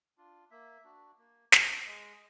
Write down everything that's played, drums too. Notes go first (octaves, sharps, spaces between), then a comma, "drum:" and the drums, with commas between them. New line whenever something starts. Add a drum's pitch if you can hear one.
D4 F4
A#3 E5
D4 F#4
A#3
D4 F#4, drum: snare
G#3 D#5